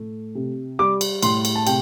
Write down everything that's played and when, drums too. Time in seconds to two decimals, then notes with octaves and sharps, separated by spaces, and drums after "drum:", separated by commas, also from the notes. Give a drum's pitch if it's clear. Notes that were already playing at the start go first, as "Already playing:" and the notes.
Already playing: A2 A3
0.35 C3
0.79 G3 D6
1.01 drum: cymbal
1.23 A2 C6, drum: cymbal
1.45 drum: cymbal
1.55 A5
1.67 C3 G5, drum: cymbal